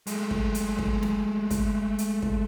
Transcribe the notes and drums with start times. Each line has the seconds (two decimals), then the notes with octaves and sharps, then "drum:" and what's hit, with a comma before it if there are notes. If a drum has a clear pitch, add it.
0.07 G#3 A3, drum: hi-hat
0.31 drum: kick
0.55 drum: hi-hat
0.79 drum: kick
1.03 drum: snare
1.50 drum: kick, hi-hat
1.98 drum: hi-hat
2.22 drum: kick